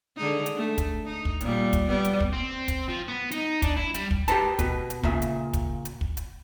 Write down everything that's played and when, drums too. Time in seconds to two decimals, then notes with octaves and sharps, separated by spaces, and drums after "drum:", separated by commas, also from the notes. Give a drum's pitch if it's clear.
0.17 D3 G#3 D#4
0.46 drum: hi-hat
0.55 A3
0.78 drum: kick, hi-hat
1.05 D#4
1.25 drum: kick
1.41 A#2 G3, drum: hi-hat
1.73 drum: kick, hi-hat
1.87 G3 B3
2.05 drum: hi-hat
2.20 drum: kick
2.33 C4
2.68 drum: kick, hi-hat
2.89 F3
3.08 B3
3.31 D#4, drum: hi-hat
3.62 D4, drum: kick, hi-hat
3.77 E4
3.94 G3, drum: hi-hat
4.11 drum: kick
4.28 G4 G#4 A#4 B4 A5, drum: hi-hat
4.59 B2 B4, drum: kick, hi-hat
4.90 drum: hi-hat
5.03 A#2 C#3 E5, drum: kick
5.22 drum: hi-hat
5.53 drum: kick, hi-hat
5.85 drum: hi-hat
6.01 drum: kick
6.17 drum: hi-hat